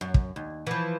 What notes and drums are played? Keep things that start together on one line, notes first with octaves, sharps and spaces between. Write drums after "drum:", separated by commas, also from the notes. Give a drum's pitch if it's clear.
F#2
drum: kick
D#2
E3 F3